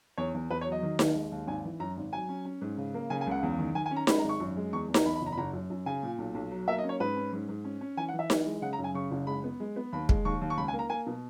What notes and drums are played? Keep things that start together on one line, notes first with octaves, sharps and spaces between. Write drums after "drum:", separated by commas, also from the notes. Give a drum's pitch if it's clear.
E2 C#5
E2
E2 B4
C#5
F#3
D#5
D#3
D#2, drum: snare D#4
G#3
D#2
G#1 G#5
E3
F#2 A#5
G#1
F#3 G#5
C#4
C#4
G#2
C#3
A#3
C#3 G#5
G#5
C#2 F#5
E2
D#3
D#3 G#5
G#5
C#4
A#5
G#3 B5, drum: snare D#4
A#5
G#1
C#6
F#2
G#3
E2 C#6
E2
A#5, drum: snare D#4
E2 B5
B5
F#1
A#5
B5
F#1 A#5
F#2
F#2
C#3 G#5
A#2
B1
B1
F#3
A#3 E5
D#5
C#4
C#5
G#2 B4
C#4
G#2
G#2
C#4
C#4
E3 G#5
F#5
E3
E5
E3, drum: snare D#4
G#3
C#3 F#5
A#5
F#2
G#5
C#3 C#6
F#1
G#3 B5
B3
G#3
B3
D#2 B5
G#3, drum: kick
D#2 C#6
D#2
C#6
C#2 B5
G#5
A#3
A#5
A#3 G#5
B2